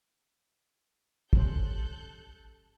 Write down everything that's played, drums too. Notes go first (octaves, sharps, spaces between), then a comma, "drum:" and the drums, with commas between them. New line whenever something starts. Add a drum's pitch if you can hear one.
G3 C#4 A4 C5 F#6 G6, drum: kick